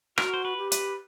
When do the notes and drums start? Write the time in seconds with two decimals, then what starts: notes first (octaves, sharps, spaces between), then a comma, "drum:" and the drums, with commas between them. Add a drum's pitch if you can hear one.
0.18 F#4 A#4, drum: rim click
0.34 C5
0.45 B4
0.58 G4
0.72 B4, drum: hi-hat